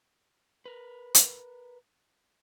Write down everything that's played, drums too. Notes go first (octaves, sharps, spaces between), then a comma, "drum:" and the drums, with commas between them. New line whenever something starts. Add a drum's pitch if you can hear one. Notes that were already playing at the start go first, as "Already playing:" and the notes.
A#4 B4
drum: hi-hat